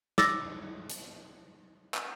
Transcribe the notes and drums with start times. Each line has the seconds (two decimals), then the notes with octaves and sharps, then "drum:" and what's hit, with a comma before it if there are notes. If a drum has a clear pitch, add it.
0.18 D6 E6 A6 A#6, drum: snare
0.90 drum: hi-hat
1.94 drum: clap